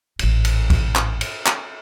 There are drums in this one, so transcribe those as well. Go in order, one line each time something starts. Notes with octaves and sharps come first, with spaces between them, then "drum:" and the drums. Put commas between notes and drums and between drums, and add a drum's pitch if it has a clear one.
A1 G#2, drum: cymbal
drum: cymbal
drum: kick, cymbal
drum: clap
drum: cymbal
drum: clap